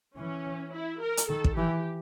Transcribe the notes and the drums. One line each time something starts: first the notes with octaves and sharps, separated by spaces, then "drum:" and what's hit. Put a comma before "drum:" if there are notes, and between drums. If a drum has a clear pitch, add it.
E3 C#4
E4
A#4
drum: hi-hat
D#3 A4
drum: kick
E3 G4